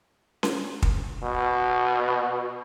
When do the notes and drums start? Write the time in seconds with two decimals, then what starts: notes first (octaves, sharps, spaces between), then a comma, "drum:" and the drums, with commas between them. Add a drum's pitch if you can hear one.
0.43 drum: snare C#4
0.82 drum: kick
1.23 B2